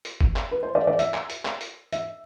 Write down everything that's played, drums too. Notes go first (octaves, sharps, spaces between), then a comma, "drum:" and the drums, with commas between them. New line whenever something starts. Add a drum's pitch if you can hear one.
drum: hi-hat
drum: kick
drum: clap
B4
C5
D5
D5
E5, drum: hi-hat
drum: clap
drum: hi-hat
drum: clap
drum: hi-hat
E5, drum: hi-hat